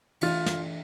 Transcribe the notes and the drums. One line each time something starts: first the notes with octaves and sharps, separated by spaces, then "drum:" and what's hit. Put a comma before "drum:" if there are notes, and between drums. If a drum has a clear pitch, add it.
E3 A3 D4 F4 G4, drum: cymbal
drum: snare